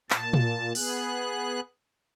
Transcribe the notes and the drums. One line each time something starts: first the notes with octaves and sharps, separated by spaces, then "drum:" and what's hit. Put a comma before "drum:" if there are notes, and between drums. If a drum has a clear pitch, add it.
A#2 A5, drum: clap
drum: tom
B3 G#4 F#6, drum: open hi-hat